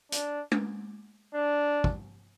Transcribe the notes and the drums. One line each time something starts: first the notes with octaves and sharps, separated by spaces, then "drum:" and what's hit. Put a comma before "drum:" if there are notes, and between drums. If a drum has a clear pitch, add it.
D4, drum: hi-hat
drum: tom
D4
drum: kick